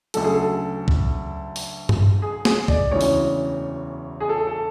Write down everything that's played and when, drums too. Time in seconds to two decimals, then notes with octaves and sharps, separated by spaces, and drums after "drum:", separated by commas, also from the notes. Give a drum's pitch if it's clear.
0.14 D2 C#3 F#3 A4, drum: hi-hat
0.24 G#4
0.33 A4
0.88 drum: kick C2
1.56 drum: open hi-hat
1.89 drum: tom G2
2.22 G#4
2.45 G#4, drum: snare
2.68 D5, drum: kick C2
2.91 E1 D2 C#3 E3 C#5
3.01 drum: open hi-hat
4.21 G#4
4.29 A4
4.47 A4